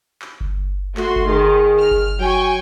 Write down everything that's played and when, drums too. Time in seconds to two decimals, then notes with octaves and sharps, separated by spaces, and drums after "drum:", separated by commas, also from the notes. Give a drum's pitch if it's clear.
0.22 drum: clap
0.41 drum: kick G1
0.97 A3 F#4 C6, drum: clap
1.16 drum: kick G1
1.28 D#3 G#4
1.78 F6
1.91 drum: kick G1
2.20 F#3 G5 G#5 C#6